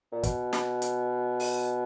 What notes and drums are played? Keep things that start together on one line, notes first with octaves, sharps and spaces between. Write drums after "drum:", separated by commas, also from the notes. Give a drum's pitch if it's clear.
A#2
B2, drum: kick, hi-hat
drum: snare
drum: hi-hat
drum: open hi-hat